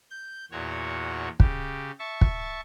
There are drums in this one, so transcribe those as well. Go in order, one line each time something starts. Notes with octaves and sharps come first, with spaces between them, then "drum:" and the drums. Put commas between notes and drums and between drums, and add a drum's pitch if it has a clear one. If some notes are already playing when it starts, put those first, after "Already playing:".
G6
E2 A#2 F#4 C#5
C#3 G4, drum: kick
E5 A5 C#6
drum: kick